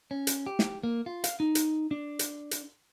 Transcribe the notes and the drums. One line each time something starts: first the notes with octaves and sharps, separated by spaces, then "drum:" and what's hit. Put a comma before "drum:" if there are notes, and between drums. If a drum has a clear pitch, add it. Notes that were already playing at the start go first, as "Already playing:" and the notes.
C#4
drum: hi-hat
G4
drum: snare
A#3
F4
F5, drum: hi-hat
D#4
drum: hi-hat
D4
drum: hi-hat
drum: hi-hat